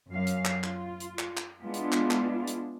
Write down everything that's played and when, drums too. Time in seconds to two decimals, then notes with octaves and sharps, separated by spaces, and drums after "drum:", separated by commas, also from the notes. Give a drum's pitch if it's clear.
0.12 F#2 C#4 F5
0.27 drum: hi-hat
0.45 drum: clap
0.64 F4, drum: clap
1.00 drum: hi-hat
1.19 drum: clap
1.37 drum: clap
1.63 G#3 B3 D4 E4 F4
1.74 drum: hi-hat
1.92 drum: clap
2.11 drum: clap
2.48 drum: hi-hat